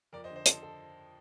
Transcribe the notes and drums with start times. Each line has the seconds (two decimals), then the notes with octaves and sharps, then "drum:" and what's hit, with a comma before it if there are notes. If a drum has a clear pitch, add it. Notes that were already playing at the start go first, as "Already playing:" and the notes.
0.13 F2 A#4 D5
0.24 C5 D#5
0.30 D3
0.36 C5 D#5
0.46 F3 A4 C5, drum: hi-hat
0.63 A4